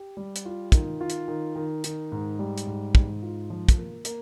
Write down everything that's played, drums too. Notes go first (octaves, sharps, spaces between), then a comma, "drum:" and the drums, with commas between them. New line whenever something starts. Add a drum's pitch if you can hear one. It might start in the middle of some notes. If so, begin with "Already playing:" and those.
Already playing: G4
G3
drum: hi-hat
F4
D#3, drum: kick, hi-hat
F4
drum: hi-hat
D#3
D#3
D#3, drum: hi-hat
G#2
G3
drum: hi-hat
G#2
G#2, drum: kick
F4
F3
drum: kick, hi-hat
A#3
A#3, drum: hi-hat